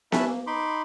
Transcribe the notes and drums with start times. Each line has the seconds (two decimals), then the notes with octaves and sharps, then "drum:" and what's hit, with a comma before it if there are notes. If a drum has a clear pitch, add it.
0.12 C#4 E4 B4 E5 A5 F#6, drum: snare B3
0.28 A#3
0.47 D#4 B5 C6 D6